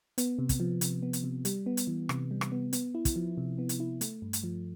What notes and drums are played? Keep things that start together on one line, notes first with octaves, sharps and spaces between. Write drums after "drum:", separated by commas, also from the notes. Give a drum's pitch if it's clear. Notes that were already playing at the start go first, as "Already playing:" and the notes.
B3, drum: hi-hat
C3
drum: kick, hi-hat
F3
C3, drum: hi-hat
B3
drum: hi-hat
C3
G3, drum: hi-hat
B3
drum: hi-hat
E3
C3, drum: rim click
G3
drum: rim click
B3
B3, drum: hi-hat
E4
drum: kick, hi-hat
F3
C3
B3
drum: hi-hat
E4
A3, drum: hi-hat
G2
drum: hi-hat
F3